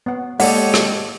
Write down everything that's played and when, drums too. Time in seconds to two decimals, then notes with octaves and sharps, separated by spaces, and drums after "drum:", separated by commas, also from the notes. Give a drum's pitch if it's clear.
0.06 B3 F#5
0.40 G#3 A#3 G4 A4 C#5 D5 F#5, drum: open hi-hat
0.74 drum: rim click